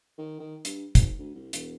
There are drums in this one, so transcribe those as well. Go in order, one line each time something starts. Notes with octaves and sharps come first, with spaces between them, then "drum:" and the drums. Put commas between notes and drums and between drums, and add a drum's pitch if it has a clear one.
D#3
D#3
G2, drum: hi-hat
G#1, drum: kick, hi-hat
D2
C2
E1, drum: hi-hat